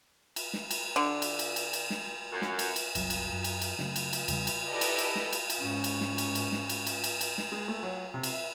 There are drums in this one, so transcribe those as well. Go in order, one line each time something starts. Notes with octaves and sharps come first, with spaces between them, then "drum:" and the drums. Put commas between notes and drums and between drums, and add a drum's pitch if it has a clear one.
drum: cymbal
drum: snare
drum: cymbal
D3
drum: cymbal
drum: cymbal
drum: cymbal
drum: cymbal
drum: snare
F#2
drum: snare
drum: cymbal
drum: cymbal
F#1 C2 F#3, drum: cymbal
drum: cymbal
F#2
drum: cymbal
drum: cymbal
C#3 F#3 A3, drum: snare
drum: cymbal
drum: cymbal
E2 C#3 G3, drum: cymbal
drum: cymbal
E4 G4 A4 B4 D5 D#5
drum: cymbal
drum: cymbal
drum: snare
drum: cymbal
drum: cymbal
G#2 C#4
drum: cymbal
drum: snare
drum: cymbal
drum: cymbal
drum: snare
drum: cymbal
drum: cymbal
drum: cymbal
drum: cymbal
drum: snare
G#3
A3
F#3
C3
drum: cymbal
E5